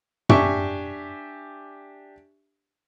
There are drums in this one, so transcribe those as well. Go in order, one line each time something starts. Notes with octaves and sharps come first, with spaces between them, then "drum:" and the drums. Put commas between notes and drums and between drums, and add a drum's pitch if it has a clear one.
D4 G4 E5 G#5 C#6, drum: tom